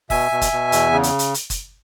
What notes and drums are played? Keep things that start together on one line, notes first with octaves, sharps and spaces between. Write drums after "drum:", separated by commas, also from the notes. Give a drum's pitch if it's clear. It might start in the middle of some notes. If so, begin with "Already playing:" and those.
B2 E5 G#5, drum: kick F#1, open hi-hat
B2
drum: kick F#1, hi-hat
B2
E2, drum: hi-hat
C#3
drum: hi-hat
drum: hi-hat
drum: hi-hat
drum: kick F#1, hi-hat